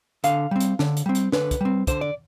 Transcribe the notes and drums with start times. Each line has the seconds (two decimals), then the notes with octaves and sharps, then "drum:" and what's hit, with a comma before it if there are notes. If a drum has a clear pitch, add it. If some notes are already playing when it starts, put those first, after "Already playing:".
0.24 D3 F5, drum: hi-hat
0.51 G3 C4
0.61 drum: hi-hat
0.79 D3, drum: snare
0.97 drum: hi-hat
1.06 G3 C4
1.15 drum: hi-hat
1.32 D3 B4, drum: snare
1.51 drum: kick, hi-hat
1.61 G3 C4
1.87 D3 C5, drum: kick, hi-hat
2.01 D5